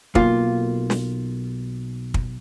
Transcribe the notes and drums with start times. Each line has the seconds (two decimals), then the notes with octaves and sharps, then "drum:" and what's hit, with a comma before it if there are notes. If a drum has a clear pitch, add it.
0.15 B1 A#3 F4, drum: kick
0.90 drum: snare
2.14 drum: kick